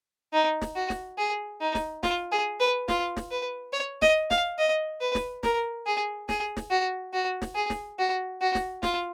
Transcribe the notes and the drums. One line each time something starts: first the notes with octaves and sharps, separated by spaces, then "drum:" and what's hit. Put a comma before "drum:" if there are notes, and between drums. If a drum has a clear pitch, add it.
D#4
drum: snare
F#4
drum: snare
G#4
D#4
drum: snare
F4, drum: snare
G#4
B4
F4, drum: snare
drum: snare
B4
C#5
D#5, drum: snare
F5, drum: snare
D#5
B4
drum: snare
A#4, drum: snare
G#4
G#4, drum: snare
drum: snare
F#4
F#4
drum: snare
G#4
drum: snare
F#4
F#4
drum: snare
F4, drum: snare